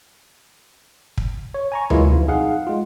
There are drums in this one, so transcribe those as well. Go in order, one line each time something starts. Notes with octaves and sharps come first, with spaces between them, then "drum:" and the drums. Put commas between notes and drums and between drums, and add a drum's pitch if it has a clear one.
drum: kick
C#5
G#5 A#5 C#6
E3 F#3 G#3 A#3 E4 F4, drum: tom D2
B1 F2
D#4 G#4 F5 F#5
G#3 F4